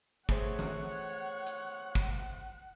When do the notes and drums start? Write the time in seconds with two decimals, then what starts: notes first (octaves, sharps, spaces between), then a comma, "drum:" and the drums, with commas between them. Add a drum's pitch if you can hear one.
0.29 A3 G#4 C5 C#5 F#5, drum: kick
0.59 drum: tom E3
1.47 drum: hi-hat
1.95 drum: kick